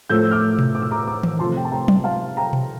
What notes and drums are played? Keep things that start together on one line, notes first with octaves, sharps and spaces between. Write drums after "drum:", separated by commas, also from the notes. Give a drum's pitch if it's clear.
A2 F3 A3 E6 G6
D6 F6
drum: tom B2
D6
E6
A#5 D6
A#5 D6
drum: tom D#3
C3 F3 A3 A5 C6
G5
A5
G5 A#5
drum: tom F#3
F5 A5
G5 A#5
drum: tom B2